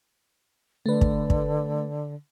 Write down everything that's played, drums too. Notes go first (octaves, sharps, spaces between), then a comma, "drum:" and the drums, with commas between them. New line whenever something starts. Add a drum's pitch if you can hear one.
D3 A3 B4
drum: kick
drum: kick